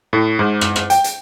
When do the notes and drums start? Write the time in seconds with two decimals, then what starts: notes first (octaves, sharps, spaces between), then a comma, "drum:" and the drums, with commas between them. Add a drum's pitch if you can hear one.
0.13 A2
0.39 G#2
0.61 drum: rim click
0.76 drum: rim click
0.90 G5, drum: hi-hat
1.04 drum: hi-hat